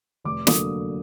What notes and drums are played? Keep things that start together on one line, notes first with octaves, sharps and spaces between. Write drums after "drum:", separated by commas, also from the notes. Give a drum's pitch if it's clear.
F1 D6
D3 F#3 A#3 D#6, drum: snare